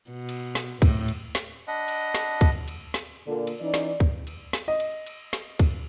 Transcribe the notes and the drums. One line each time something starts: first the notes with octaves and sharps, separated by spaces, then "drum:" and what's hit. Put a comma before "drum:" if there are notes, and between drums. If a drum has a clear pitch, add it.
B2
drum: cymbal
drum: snare
A2, drum: kick, cymbal
drum: cymbal
drum: snare
D4 D#5 F#5 B5
drum: cymbal
drum: snare
drum: kick, cymbal
drum: cymbal
drum: snare
A#2 D3
drum: cymbal
E3 C#4 D#4 D5
drum: snare
drum: kick
drum: cymbal
drum: snare
D#5
drum: cymbal
drum: cymbal
drum: snare
drum: kick, cymbal